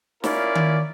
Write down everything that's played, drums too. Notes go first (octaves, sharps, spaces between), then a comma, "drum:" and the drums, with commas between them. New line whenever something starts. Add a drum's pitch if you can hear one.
C#4 E4 F4 A#4 D5, drum: snare
drum: tom D#3